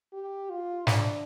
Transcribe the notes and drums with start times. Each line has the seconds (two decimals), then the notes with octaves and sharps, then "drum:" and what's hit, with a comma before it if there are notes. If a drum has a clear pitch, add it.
0.13 G4
0.50 F4
0.87 D4, drum: snare